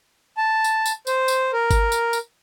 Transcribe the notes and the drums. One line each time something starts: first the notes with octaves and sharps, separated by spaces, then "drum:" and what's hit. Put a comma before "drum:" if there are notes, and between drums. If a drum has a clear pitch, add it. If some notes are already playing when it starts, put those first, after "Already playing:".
A5
drum: tambourine
drum: tambourine
C5, drum: tambourine
drum: tambourine
A#4
drum: kick G#1, tambourine
drum: tambourine
drum: tambourine